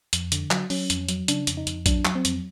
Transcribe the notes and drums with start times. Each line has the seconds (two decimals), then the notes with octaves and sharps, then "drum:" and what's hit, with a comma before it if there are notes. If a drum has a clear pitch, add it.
0.13 F2, drum: hi-hat
0.32 D3, drum: hi-hat
0.51 F#3, drum: clap
0.70 F#3 C#4, drum: open hi-hat
0.90 F2, drum: hi-hat
1.09 F#3, drum: hi-hat
1.28 C#3 D4, drum: hi-hat
1.47 F2, drum: hi-hat
1.57 D#4
1.67 F2, drum: hi-hat
1.86 F#3 D4, drum: kick A#1, hi-hat
2.05 F#3, drum: clap
2.15 C4
2.25 F2, drum: hi-hat